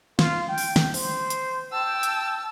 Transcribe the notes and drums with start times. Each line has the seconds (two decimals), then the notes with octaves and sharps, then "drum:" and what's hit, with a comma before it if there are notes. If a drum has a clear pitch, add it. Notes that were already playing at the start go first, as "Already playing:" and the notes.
0.19 F4, drum: snare
0.49 G5
0.58 drum: open hi-hat
0.76 drum: snare
0.94 C5, drum: open hi-hat
1.30 drum: hi-hat
1.72 G5 A5 E6
2.03 drum: hi-hat